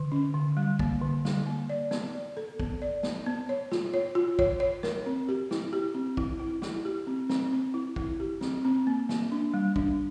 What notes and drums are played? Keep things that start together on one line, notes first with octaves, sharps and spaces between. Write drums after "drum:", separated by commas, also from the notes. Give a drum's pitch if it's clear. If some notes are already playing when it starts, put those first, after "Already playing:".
Already playing: D3
C#4
D3
G3
A#3, drum: kick
D3
G3, drum: snare
A#3
D5
B3, drum: snare
D5
A4
B3, drum: kick
D5
B3, drum: snare
B3
C#5
F4, drum: snare
C#5
F4
C#5, drum: kick
C#5
A#4, drum: snare
C4
G4
E4, drum: snare
G4
C4
E4, drum: kick
E4
E4, drum: snare
G4
C4
C4, drum: snare
C4
E4
E4, drum: kick
G4
C4, drum: snare
C4
A#3
A#3, drum: snare
D4
G3
D4, drum: kick